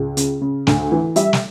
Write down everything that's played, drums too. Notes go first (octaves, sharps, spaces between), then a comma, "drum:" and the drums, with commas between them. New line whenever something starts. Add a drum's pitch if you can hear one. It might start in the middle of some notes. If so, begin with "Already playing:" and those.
Already playing: C#2
C#3, drum: hi-hat
C#3
D2, drum: snare
E3
G3 E5, drum: hi-hat
drum: snare